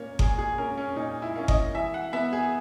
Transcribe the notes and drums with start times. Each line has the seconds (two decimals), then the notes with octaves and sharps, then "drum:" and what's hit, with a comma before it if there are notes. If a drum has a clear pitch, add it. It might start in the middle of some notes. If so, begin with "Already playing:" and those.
Already playing: A#2 A#3 C#4 C#5
0.19 A#2 G#4, drum: kick G1
0.39 G#4
0.58 A#3 C#4 A#4
0.77 C#4
0.96 A#2 D#4
1.22 E4
1.35 A#3 C#4
1.48 D#5, drum: kick G1
1.74 E3 E5
1.94 F#5
2.13 B3 E5
2.33 G#4